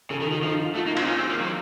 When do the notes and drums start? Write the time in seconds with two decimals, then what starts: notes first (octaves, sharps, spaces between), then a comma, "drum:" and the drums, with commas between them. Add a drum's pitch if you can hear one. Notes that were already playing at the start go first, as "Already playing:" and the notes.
0.10 C#3 A4
0.21 D#3 A4
0.32 D#3 F#4
0.42 F3 D#4
0.54 D#4
0.64 F4
0.75 A3 F#4
0.86 A#3 D#4
0.97 C4 F4, drum: cymbal
1.07 C#4
1.18 C4
1.29 A#3
1.40 F#3